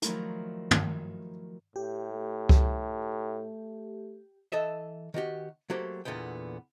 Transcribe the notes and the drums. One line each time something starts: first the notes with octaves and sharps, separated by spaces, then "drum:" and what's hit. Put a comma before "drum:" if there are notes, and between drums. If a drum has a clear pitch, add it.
D#3 F3 F#3 A3 E4 A#4, drum: hi-hat
drum: tom
A2 G4
A3
drum: kick C#2
E3 A4 D#5 E5
D#3 B3 F#4 G4
F#3 A3 A#3 F#4 G4 C5
E2 A#2 D3 B3 G5